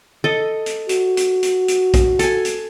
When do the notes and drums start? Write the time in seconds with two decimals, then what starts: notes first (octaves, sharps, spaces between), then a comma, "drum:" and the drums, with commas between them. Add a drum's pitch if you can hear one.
0.24 A4 D#5
0.66 drum: hi-hat
0.89 F#4, drum: hi-hat
1.17 drum: hi-hat
1.43 drum: hi-hat
1.68 drum: hi-hat
1.94 drum: kick A#1, hi-hat
2.19 A4 G#5, drum: hi-hat
2.45 drum: hi-hat